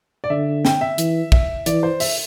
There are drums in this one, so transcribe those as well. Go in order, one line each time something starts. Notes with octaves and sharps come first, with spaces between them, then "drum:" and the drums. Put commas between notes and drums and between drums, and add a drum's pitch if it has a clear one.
D5
D3 E5
G5, drum: snare
E5
E3, drum: hi-hat
E5, drum: kick
E3 D5, drum: hi-hat
C5
E5, drum: open hi-hat